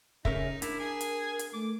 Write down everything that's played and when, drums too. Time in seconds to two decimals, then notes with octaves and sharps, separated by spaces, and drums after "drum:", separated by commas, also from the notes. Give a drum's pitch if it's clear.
0.25 C#3 C#4 D#4 A#4 E5, drum: kick
0.62 D4 E4 A#4, drum: hi-hat
0.79 G#4
1.01 drum: hi-hat
1.39 drum: hi-hat
1.54 A3 D6